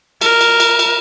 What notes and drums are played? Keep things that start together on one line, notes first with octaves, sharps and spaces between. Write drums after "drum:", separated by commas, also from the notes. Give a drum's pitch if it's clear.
A#4, drum: cymbal
drum: cymbal
drum: cymbal
drum: cymbal